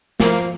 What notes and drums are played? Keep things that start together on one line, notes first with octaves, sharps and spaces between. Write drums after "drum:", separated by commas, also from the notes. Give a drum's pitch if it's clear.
F3 A#3, drum: snare